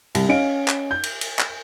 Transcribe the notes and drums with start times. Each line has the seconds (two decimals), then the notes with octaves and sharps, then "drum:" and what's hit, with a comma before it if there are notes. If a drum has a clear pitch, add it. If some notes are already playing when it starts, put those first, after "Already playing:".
0.15 C2, drum: cymbal
0.29 C#4 D#5 F5 D7
0.68 drum: clap
0.91 G6
1.03 drum: cymbal
1.21 drum: cymbal
1.39 drum: clap